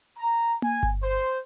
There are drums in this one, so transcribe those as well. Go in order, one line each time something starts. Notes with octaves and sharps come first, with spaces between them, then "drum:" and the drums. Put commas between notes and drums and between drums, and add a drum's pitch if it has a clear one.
A#5
G#5, drum: tom A#3
drum: kick G1
C5